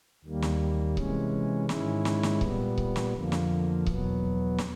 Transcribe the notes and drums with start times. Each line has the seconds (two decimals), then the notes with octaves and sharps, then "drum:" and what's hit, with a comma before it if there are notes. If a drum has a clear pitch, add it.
0.24 D#2 D#3 G3 A#3
0.42 drum: snare
0.97 C3 E3 G#3 C#4, drum: kick C#1
1.69 G#2 D#3 G#3 C#4 E4, drum: snare
2.05 drum: snare
2.23 drum: snare
2.41 A#2 G3 B3, drum: kick C#1
2.78 drum: kick C#1
2.96 drum: snare
3.14 F2 D3 F3 A#3
3.32 drum: snare
3.86 E2 B2 F#3 B3, drum: kick C#1
4.58 drum: snare